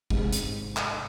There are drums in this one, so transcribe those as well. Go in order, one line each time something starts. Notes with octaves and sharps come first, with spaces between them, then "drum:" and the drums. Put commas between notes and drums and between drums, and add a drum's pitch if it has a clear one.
G#2 C3, drum: kick
drum: hi-hat
drum: clap